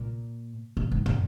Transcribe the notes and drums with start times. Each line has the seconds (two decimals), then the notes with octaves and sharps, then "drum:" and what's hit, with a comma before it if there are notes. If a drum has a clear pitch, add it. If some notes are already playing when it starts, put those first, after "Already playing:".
Already playing: A#2
0.77 A#2
0.92 G#2
1.06 A#2, drum: tom